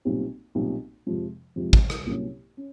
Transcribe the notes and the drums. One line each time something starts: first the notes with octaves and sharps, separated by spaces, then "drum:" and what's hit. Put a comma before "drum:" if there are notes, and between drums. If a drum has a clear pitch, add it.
B1 A#2 G3 C4
B1 A#2 G3 C4
F2 C3 F3 G#3
F2 C3 F3 G#3
drum: kick
drum: rim click
C2 A#2 F#3 A#3 C#4
C#4